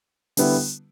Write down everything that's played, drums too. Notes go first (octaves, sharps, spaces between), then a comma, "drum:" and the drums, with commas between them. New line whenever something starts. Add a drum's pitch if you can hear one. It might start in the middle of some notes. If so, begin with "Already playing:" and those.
D3 G3 B3 E4, drum: open hi-hat